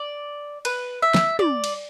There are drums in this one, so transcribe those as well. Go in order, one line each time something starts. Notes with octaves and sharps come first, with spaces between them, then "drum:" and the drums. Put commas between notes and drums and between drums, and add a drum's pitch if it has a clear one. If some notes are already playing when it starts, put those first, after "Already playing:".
Already playing: D5
B4, drum: cymbal
E5
drum: snare
D5, drum: tom
drum: cymbal